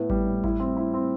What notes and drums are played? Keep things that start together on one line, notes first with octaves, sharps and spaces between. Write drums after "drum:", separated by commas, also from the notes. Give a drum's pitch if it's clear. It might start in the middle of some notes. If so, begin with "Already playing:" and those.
Already playing: A2 B3
G3, drum: kick G#1
A2
E4, drum: kick G#1
C4
E4
C4